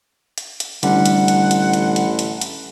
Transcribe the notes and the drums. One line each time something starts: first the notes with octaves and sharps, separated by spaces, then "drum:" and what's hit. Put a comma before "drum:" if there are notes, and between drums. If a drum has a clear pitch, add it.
drum: hi-hat
drum: hi-hat
A1 D3 G3 F#5, drum: hi-hat
drum: hi-hat
drum: hi-hat
drum: hi-hat
drum: hi-hat
drum: hi-hat
drum: hi-hat
drum: hi-hat